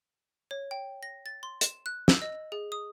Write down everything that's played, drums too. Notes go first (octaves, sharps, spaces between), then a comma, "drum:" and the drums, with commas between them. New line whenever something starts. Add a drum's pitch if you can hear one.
C#5
G5
A#6
A6
C6
E7, drum: hi-hat
F#6
E6, drum: snare
D#5
G#4
D#6